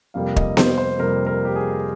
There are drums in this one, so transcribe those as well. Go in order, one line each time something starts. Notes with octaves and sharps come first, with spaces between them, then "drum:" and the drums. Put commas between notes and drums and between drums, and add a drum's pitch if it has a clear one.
F2 C3 G3 A#3 F5
D#5, drum: kick
C5, drum: snare B3
C5
F2 C3 G3 A#3 A#4
A#4
G4
G#4